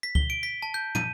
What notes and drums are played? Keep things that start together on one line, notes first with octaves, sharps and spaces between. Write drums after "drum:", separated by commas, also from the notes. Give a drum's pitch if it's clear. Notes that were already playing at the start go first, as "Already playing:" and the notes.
B6
G7, drum: kick C#2
D7
B6
A5
G6
D#7, drum: tom